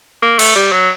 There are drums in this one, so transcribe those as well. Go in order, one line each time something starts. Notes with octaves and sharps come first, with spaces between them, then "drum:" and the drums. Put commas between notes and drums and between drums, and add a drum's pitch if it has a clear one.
A#3
A3, drum: cymbal
G3
F#3